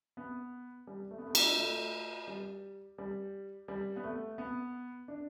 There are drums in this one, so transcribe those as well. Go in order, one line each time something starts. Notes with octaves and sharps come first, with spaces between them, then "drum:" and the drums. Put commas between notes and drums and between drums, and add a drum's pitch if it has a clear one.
B3
G3
A3
B3
A3
D4, drum: cymbal
A3
G3
G3
G3
B3
A3
B3
D4